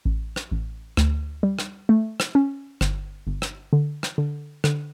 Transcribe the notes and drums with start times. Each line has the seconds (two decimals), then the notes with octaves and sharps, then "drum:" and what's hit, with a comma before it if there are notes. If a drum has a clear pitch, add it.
0.05 A1
0.36 drum: rim click
0.51 A1
0.97 D2, drum: rim click
1.43 G3
1.59 drum: rim click
1.89 A3
2.20 drum: rim click
2.35 C#4
2.81 G1, drum: rim click
3.27 G1
3.42 drum: rim click
3.73 D3
4.03 drum: rim click
4.18 D3
4.64 D3, drum: rim click